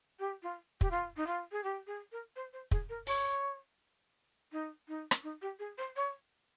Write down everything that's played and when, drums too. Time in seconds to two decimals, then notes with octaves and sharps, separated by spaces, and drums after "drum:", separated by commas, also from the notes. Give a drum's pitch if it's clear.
0.19 G4
0.43 F4
0.81 G4, drum: kick
0.91 F4
1.17 D#4
1.27 F4
1.52 G#4
1.64 G4
1.87 G#4
2.12 A#4
2.36 C5
2.53 C5
2.71 G#4, drum: kick
2.89 A#4
3.07 C#5, drum: open hi-hat
4.52 D#4
4.88 D#4
5.11 drum: rim click
5.23 D#4
5.42 G4
5.59 G#4
5.78 C5
5.96 C#5